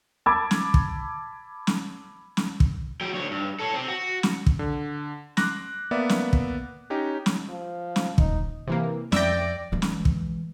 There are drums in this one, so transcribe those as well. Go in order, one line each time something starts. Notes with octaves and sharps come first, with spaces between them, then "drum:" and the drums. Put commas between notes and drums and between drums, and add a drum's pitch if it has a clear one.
A5 B5 D6 E6 G#6 A6
drum: snare
drum: kick
drum: snare
drum: snare
drum: kick
F#3 G5
D2 C#5
G2
A4 C#5
C4 G4
F#4
drum: snare
drum: kick
D3
C6 D6 F#6 A#6, drum: snare
A#3 B3 D5 E5
drum: snare
drum: kick
C#4 D#4 G4
drum: snare
F3
drum: snare
D#1 D#4, drum: kick
C3 E3 A#3
F2 D5 E5 G5 A#6, drum: snare
E3 G#3
drum: snare
drum: kick